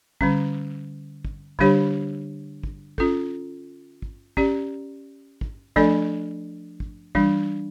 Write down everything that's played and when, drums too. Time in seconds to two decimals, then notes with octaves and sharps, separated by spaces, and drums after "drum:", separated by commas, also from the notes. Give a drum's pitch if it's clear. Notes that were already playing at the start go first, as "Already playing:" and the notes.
0.21 D3 G3 C#4, drum: kick
1.25 drum: kick
1.59 D3 G3 D4 G4 C#5, drum: kick
2.63 drum: kick
2.98 C#4 F4 A4, drum: kick
4.02 drum: kick
4.37 C#4 G4 D5, drum: kick
5.41 drum: kick
5.76 F3 A3 D4 A4 D5, drum: kick
6.80 drum: kick
7.15 E3 G3 D4, drum: kick